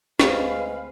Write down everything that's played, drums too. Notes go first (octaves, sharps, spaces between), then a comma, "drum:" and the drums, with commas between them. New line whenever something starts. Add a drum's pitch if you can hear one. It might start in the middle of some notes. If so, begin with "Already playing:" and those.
D2 G#3 C4 B4 F5, drum: snare